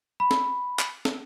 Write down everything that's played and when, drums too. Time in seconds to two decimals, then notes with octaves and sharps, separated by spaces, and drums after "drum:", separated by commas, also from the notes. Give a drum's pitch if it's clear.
0.20 B5
0.31 drum: snare
0.79 drum: clap
1.05 drum: snare